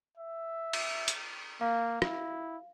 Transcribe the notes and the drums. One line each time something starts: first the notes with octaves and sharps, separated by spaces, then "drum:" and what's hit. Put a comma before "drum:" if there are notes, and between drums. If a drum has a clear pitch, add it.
E5
drum: cymbal
drum: hi-hat
A#3 F5
E4, drum: rim click